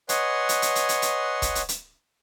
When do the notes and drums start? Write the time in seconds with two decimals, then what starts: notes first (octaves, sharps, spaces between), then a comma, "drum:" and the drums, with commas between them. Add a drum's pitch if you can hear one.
0.09 B4 C#5 D#5 F#5 G#5 C6, drum: hi-hat
0.49 drum: hi-hat
0.62 drum: hi-hat
0.75 drum: hi-hat
0.89 drum: hi-hat
1.02 drum: hi-hat
1.42 drum: kick, hi-hat
1.55 drum: hi-hat
1.69 drum: hi-hat